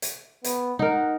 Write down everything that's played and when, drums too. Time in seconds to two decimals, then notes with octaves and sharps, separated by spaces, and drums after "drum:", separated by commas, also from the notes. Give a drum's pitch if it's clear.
0.02 drum: hi-hat
0.44 B3, drum: hi-hat
0.79 D#4 A#4 F#5